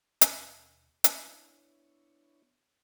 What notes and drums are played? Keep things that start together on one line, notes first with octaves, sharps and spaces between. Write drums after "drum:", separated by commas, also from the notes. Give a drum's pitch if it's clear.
D#2 B2, drum: hi-hat
B3 D4 E4 C#5, drum: hi-hat